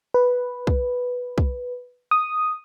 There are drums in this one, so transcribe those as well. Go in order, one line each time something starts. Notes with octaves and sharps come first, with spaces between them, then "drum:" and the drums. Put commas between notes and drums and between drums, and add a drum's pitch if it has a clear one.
B4
drum: kick
drum: kick
D#6